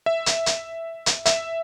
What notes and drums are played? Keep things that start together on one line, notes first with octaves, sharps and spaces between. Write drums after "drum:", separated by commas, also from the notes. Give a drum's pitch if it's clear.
E5
drum: hi-hat
drum: hi-hat
drum: hi-hat
E5, drum: hi-hat